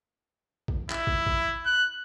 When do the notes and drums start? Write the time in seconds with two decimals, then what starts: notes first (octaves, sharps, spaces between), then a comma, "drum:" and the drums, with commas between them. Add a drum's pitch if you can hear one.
0.68 drum: kick
0.90 E4, drum: clap
1.07 drum: kick
1.26 drum: kick
1.65 F#6